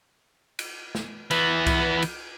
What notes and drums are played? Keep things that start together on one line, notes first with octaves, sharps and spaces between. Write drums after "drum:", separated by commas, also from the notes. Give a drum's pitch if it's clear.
drum: cymbal
drum: snare
E3 B3, drum: cymbal
drum: kick C2, cymbal
drum: cymbal